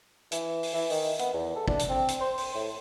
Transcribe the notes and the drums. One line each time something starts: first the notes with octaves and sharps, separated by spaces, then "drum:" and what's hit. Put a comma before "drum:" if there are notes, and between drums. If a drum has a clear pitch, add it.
E3, drum: hi-hat
drum: open hi-hat
E3
D#3, drum: open hi-hat
B3, drum: hi-hat
E2
A4
D4, drum: kick
drum: hi-hat
C4
drum: hi-hat
C5
C5, drum: open hi-hat
A2